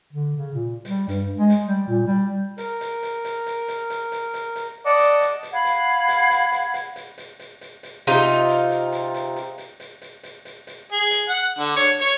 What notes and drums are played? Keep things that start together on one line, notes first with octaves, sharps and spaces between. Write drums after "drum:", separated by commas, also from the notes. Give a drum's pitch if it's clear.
D3
C#3
A#2
G3, drum: hi-hat
G2, drum: hi-hat
G#3
drum: hi-hat
G3
A#2
G3
A#4, drum: hi-hat
drum: hi-hat
drum: hi-hat
drum: hi-hat
drum: hi-hat
drum: hi-hat
drum: hi-hat
drum: hi-hat
drum: hi-hat
drum: hi-hat
D5 D#5 F#5 A5
drum: hi-hat
drum: hi-hat
drum: hi-hat
F5 F#5 B5 G#6
drum: hi-hat
drum: hi-hat
drum: hi-hat
drum: hi-hat
drum: hi-hat
drum: hi-hat
drum: hi-hat
drum: hi-hat
drum: hi-hat
drum: hi-hat
C3 D#4 F4, drum: hi-hat
drum: hi-hat
drum: hi-hat
drum: hi-hat
drum: hi-hat
drum: hi-hat
drum: hi-hat
drum: hi-hat
drum: hi-hat
drum: hi-hat
drum: hi-hat
drum: hi-hat
drum: hi-hat
G#4
drum: hi-hat
F#5
D3
C#5, drum: hi-hat
C#5, drum: hi-hat